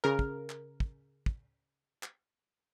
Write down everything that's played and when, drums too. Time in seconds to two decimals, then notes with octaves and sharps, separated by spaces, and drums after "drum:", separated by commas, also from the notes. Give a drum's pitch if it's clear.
0.04 C#3 A#4
0.19 drum: kick
0.50 drum: clap
0.80 drum: kick
1.26 drum: kick
2.03 drum: clap